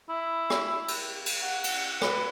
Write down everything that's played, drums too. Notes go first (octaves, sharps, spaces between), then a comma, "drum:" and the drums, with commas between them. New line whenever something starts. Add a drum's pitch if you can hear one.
E4
drum: rim click
drum: cymbal
drum: cymbal
F#5
drum: cymbal
B4, drum: rim click